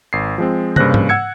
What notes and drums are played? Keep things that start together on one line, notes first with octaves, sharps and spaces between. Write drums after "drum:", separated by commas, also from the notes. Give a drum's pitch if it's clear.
G#1 C7
F3 G#3 C4
G2 C#3 A#3 C5 F#6 A#6, drum: tom
drum: tom G#2
F#5 E6 G#6 C#7